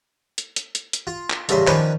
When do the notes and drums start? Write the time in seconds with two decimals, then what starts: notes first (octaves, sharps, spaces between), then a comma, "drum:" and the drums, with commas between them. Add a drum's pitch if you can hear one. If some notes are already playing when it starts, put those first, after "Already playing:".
0.38 drum: hi-hat
0.56 drum: hi-hat
0.75 drum: hi-hat
0.93 drum: hi-hat
1.07 F4
1.30 drum: clap
1.49 A1 G2 C#3 E5 F5 C6, drum: hi-hat
1.67 D#3 F3 C#4 D4 B4 C#5, drum: clap